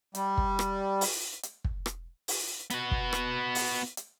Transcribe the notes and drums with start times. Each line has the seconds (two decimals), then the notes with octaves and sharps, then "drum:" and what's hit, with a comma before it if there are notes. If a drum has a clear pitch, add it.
0.15 G3, drum: hi-hat
0.38 drum: kick
0.59 drum: rim click
1.01 drum: open hi-hat
1.43 drum: hi-hat
1.64 drum: kick
1.86 drum: rim click
2.28 drum: open hi-hat
2.70 B3 F#4, drum: hi-hat
2.91 drum: kick
3.13 drum: rim click
3.55 drum: open hi-hat
3.97 drum: hi-hat